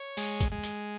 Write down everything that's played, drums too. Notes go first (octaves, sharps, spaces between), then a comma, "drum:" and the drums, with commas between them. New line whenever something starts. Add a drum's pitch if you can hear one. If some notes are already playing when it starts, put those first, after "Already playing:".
Already playing: C#5
G#3, drum: open hi-hat
drum: kick, hi-hat
G#3
drum: hi-hat